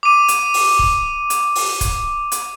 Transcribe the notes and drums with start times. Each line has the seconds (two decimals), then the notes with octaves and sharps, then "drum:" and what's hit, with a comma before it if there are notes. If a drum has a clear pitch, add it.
0.03 D6 D#7
0.28 drum: hi-hat
0.54 drum: open hi-hat
0.79 drum: kick
1.30 drum: hi-hat
1.55 drum: open hi-hat
1.81 drum: kick, hi-hat
2.32 drum: hi-hat